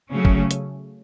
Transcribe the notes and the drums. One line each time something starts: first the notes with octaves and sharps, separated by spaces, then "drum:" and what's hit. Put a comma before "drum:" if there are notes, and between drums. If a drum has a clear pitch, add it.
C#3 F#3 A3 C#4
drum: kick
drum: hi-hat